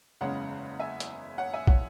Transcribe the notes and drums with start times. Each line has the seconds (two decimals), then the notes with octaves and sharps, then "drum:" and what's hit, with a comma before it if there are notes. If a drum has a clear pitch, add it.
0.21 F#1 E2 C#3 G#3 C#4 C#5 F#5
0.79 E5 G#5
1.00 drum: hi-hat
1.38 C#5 F#5
1.53 E5 G#5
1.67 C#5 F#5, drum: kick